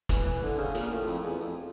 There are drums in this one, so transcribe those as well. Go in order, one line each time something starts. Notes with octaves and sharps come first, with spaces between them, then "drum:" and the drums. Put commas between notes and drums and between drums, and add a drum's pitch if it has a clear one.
E3, drum: kick, hi-hat
E3
D3
C#3
A#2, drum: hi-hat
A2
F2
E2
F2